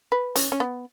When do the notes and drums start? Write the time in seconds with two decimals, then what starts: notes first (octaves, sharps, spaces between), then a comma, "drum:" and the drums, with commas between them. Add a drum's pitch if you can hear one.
0.12 B4
0.36 C#4, drum: hi-hat
0.52 C#4
0.60 B3